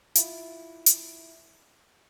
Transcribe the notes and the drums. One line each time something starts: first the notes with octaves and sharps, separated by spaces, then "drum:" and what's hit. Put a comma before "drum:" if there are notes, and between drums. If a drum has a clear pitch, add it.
E4 F4, drum: hi-hat
drum: hi-hat